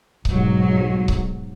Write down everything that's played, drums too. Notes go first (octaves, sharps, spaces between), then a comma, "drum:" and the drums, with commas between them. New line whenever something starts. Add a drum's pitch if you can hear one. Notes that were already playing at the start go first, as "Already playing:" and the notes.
B1 G#2 F#3, drum: kick C#1
drum: kick C#1